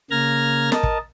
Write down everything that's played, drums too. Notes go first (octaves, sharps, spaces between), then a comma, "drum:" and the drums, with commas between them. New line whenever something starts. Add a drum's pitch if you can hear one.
C#3 A#3 A#5 F6 G#6 A#6
A#4 D#5 A5, drum: snare
drum: kick